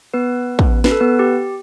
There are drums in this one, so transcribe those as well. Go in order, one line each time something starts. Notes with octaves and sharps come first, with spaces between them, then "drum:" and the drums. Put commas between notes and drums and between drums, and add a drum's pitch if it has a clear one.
B3 B4
drum: kick
B4, drum: snare C#4
A4
B3 B4
G4